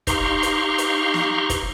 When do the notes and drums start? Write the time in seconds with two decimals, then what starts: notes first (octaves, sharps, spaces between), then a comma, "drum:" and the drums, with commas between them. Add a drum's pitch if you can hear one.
0.07 D#4 G4 F5 A#5 C6 C#6, drum: kick, hi-hat
0.43 drum: hi-hat
0.78 drum: hi-hat
1.14 drum: snare
1.50 drum: kick, hi-hat